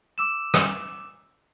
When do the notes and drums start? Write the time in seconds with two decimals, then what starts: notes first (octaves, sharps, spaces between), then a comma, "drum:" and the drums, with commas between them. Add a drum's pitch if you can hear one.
0.18 D6 E6 E7
0.54 drum: rim click